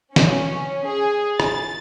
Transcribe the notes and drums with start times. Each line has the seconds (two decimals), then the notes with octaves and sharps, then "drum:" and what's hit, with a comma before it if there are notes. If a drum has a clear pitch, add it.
0.16 C#4, drum: snare
0.86 G#4
1.40 A6, drum: rim click